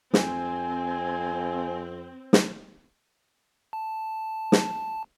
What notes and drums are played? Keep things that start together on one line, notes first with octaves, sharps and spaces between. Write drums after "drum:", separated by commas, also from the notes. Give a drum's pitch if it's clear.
F2 C4 G#5, drum: snare
drum: snare
A5
drum: snare